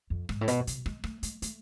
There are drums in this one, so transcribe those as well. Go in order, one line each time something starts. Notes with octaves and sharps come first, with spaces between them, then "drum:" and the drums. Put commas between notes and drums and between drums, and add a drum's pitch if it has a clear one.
F2
G#2, drum: rim click
A2
B2, drum: hi-hat
C3, drum: hi-hat
G#3, drum: rim click
A3, drum: rim click
G#3, drum: hi-hat
A3, drum: hi-hat